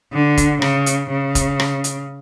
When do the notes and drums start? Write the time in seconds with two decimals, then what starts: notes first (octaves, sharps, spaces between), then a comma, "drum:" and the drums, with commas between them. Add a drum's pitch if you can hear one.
0.13 D3
0.37 drum: kick, hi-hat
0.62 C#3, drum: rim click
0.86 drum: hi-hat
1.11 C#3
1.35 drum: kick, hi-hat
1.60 drum: rim click
1.84 drum: hi-hat